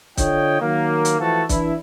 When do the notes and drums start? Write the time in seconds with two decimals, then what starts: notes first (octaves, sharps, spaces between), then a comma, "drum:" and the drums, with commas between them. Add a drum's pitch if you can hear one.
0.17 D3 F4 C#5 D#5 G5, drum: kick, hi-hat
0.61 D#3 F#3 A#3
1.05 drum: hi-hat
1.20 E3 F3 A3 F#4 A4
1.49 E3 D4 E4, drum: kick, hi-hat